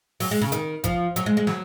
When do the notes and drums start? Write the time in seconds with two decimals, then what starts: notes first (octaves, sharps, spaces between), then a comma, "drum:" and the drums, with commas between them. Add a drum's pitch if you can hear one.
0.20 F#3, drum: open hi-hat
0.31 G#3
0.41 C#3
0.52 D#3, drum: hi-hat
0.84 F3, drum: kick G#1, hi-hat
1.16 F#3, drum: hi-hat
1.26 G#3
1.37 G#3
1.47 F#3, drum: snare